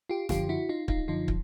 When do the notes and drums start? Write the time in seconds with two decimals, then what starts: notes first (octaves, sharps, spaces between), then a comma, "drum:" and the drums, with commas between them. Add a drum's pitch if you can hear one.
0.09 F4 G4
0.29 F#2 D3 F3 F4 G4, drum: snare E1
0.49 E4 F#4
0.69 D#4 F4
0.88 D#4 F4, drum: kick
1.08 F#2 D3 F3 D#4 F4
1.28 drum: kick